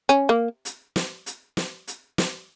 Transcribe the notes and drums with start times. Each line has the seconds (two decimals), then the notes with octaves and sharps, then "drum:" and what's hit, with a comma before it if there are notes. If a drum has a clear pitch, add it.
0.09 C#4
0.29 A#3
0.65 drum: hi-hat
0.96 drum: snare
1.26 drum: hi-hat
1.57 drum: snare
1.88 drum: hi-hat
2.18 drum: snare